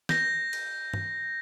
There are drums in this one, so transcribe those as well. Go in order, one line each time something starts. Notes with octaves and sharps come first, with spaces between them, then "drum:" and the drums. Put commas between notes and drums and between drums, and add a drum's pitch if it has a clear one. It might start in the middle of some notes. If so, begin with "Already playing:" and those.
G6 A#6, drum: snare
drum: cymbal
drum: tom G2